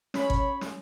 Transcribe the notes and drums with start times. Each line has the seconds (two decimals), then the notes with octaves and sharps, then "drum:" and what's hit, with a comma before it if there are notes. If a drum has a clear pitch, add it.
0.14 C#4 C#5 B5, drum: snare
0.30 drum: kick
0.61 drum: snare